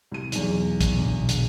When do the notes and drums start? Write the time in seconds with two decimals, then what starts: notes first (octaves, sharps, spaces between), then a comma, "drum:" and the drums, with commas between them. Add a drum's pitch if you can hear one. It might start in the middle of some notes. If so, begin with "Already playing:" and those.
0.11 C2 D#7
0.32 B1 E2, drum: hi-hat
0.81 drum: kick, hi-hat
0.95 A#1 B2 D3
1.29 drum: hi-hat